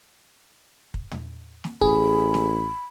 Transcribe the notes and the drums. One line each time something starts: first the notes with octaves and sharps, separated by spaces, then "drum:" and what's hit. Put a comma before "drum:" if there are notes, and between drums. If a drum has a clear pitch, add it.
drum: kick
drum: tom
drum: snare
A1 G#4 B5, drum: kick
drum: snare